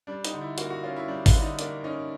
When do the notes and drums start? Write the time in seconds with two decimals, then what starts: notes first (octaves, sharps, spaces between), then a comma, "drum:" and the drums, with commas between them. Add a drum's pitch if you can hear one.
0.07 G3 D4
0.25 D#4, drum: hi-hat
0.33 D3
0.41 E4
0.58 A#3 F#4, drum: hi-hat
0.70 F#4
0.83 C#4 F4
0.96 E4
1.08 G3 D4
1.26 D4, drum: kick G#1, open hi-hat
1.33 D3
1.42 D#4
1.59 A#3 D4, drum: hi-hat
1.84 C#4 D#4